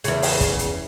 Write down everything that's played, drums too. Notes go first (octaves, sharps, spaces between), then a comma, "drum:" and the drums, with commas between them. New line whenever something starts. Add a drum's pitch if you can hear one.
E2 C#3, drum: hi-hat
drum: open hi-hat
drum: kick, hi-hat
drum: hi-hat